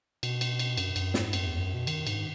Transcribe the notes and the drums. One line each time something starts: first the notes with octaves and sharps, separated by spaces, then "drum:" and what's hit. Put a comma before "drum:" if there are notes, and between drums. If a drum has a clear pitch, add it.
B2, drum: cymbal
drum: cymbal
drum: cymbal
F#2, drum: cymbal
F#2, drum: cymbal
G#2, drum: snare
F#2, drum: cymbal
E2
F#2
B2
D#3, drum: cymbal
G#2, drum: cymbal